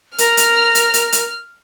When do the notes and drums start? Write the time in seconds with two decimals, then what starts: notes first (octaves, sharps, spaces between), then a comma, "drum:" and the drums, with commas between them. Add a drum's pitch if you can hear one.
0.18 A#4 F6, drum: hi-hat
0.37 drum: hi-hat
0.75 drum: hi-hat
0.94 drum: hi-hat
1.12 drum: hi-hat